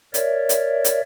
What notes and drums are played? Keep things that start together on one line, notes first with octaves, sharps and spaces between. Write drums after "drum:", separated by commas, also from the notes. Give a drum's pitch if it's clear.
A#4 C#5 D5 E5, drum: hi-hat
drum: hi-hat
drum: hi-hat